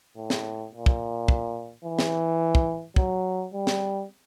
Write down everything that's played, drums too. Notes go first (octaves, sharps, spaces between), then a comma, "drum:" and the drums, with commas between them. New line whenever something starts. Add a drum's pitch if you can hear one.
A2
drum: snare
A#2
drum: kick
drum: kick
E3
drum: snare
drum: kick
F#3, drum: kick
G3
drum: snare